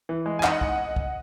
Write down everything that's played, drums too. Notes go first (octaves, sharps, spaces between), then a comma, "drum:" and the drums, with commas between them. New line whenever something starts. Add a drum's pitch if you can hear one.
E3
G#3
G#5
D#4 D#5 F#5, drum: clap
drum: kick
drum: kick